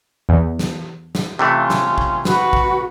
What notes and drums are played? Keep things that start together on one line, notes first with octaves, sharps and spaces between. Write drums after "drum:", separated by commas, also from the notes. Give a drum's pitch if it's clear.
E2
drum: snare
drum: snare
C3 E3 A3 C#4 F4
drum: snare
drum: kick
F#4 B4, drum: snare
drum: kick